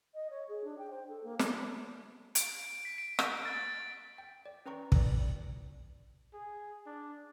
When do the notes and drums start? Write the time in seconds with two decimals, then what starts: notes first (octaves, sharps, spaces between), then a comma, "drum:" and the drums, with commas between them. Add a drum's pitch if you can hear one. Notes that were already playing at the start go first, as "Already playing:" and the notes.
0.14 D#5
0.30 C#5
0.49 G#4
0.64 D4
0.78 G5
0.91 C5
1.09 A4
1.24 A#3
1.39 A#3, drum: snare
2.35 D7, drum: hi-hat
2.85 B6
2.98 D7
3.19 drum: rim click
3.45 A6
4.18 G5
4.46 D5
4.66 C#4 B4 G5 A#5 C#6
4.92 B4 D5, drum: kick
6.34 G#4
6.86 D4